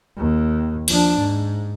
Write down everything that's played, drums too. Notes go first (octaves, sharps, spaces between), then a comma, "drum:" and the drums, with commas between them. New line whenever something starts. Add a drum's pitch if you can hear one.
D#2
F3 D4, drum: cymbal
G#2